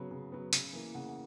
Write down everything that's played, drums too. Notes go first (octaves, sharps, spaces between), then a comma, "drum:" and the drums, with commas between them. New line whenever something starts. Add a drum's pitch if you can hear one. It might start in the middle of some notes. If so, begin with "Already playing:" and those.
Already playing: C#3 F#3 B3
C#3
F#3 B3
C#3, drum: hi-hat
E3 A#3
C#3 F#5
F#5